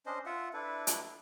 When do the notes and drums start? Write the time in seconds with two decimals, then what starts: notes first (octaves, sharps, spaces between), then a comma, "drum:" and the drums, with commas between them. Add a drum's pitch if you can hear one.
0.06 C#4 D4 C5 D#5
0.26 F4 E5 F#5
0.53 D4 E4 A4 B4
0.87 drum: hi-hat